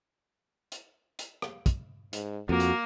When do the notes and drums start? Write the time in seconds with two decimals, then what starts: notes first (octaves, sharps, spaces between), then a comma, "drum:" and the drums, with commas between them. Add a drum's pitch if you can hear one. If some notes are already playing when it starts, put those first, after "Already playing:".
0.72 drum: hi-hat
1.19 drum: hi-hat
1.42 drum: rim click
1.66 drum: kick, hi-hat
2.13 G#2, drum: hi-hat
2.49 F2 A#3 F#4
2.60 drum: hi-hat